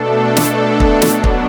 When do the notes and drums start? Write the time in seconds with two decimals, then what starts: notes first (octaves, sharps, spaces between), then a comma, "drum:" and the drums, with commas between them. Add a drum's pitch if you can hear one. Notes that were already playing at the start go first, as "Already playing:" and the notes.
Already playing: B2 A3 D4 A4
0.37 drum: snare
0.80 drum: kick
1.02 B2 F#3 B3 D4, drum: snare
1.24 drum: kick